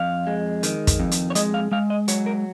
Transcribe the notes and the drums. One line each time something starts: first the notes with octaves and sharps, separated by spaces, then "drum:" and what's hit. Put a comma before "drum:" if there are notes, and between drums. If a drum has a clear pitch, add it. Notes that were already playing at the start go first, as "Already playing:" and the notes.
Already playing: F2 F5
G#3
D#3, drum: hi-hat
drum: kick, hi-hat
F2
drum: hi-hat
C#5
G#3 D#5, drum: hi-hat
F5
G#3 F5
D#5
F#3 C#5, drum: hi-hat
A#4